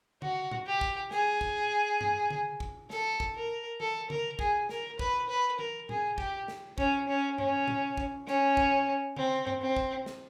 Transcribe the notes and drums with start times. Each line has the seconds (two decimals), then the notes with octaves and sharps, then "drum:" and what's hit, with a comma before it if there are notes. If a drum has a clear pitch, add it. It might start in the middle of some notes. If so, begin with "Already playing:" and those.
0.22 F#4, drum: tom C#3
0.51 drum: tom A2
0.66 G4
0.81 drum: kick
1.11 G#4, drum: snare
1.41 drum: kick
2.01 drum: tom G2
2.31 drum: tom C#3
2.60 drum: kick
2.90 A4, drum: snare
3.20 drum: kick
3.35 A#4
3.80 A4, drum: tom E3
4.10 A#4, drum: tom C#3
4.39 G#4, drum: kick
4.69 A#4, drum: snare
4.99 B4, drum: kick
5.29 B4
5.59 A#4, drum: tom E3
5.89 G#4, drum: tom A2
6.18 G4, drum: kick
6.48 drum: snare
6.78 C#4, drum: kick
7.08 C#4
7.38 C#4, drum: tom G2
7.68 drum: tom A2
7.97 drum: kick
8.27 C#4, drum: snare
8.57 drum: kick
9.17 C4, drum: tom C#3
9.47 drum: tom G2
9.61 C4
9.76 drum: kick
10.06 drum: snare